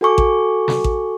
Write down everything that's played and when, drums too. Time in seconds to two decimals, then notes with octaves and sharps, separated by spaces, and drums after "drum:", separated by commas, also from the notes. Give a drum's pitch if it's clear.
0.01 F#4 A4 G#5 C#6 D6
0.18 drum: kick A1
0.68 drum: snare
0.84 drum: kick A1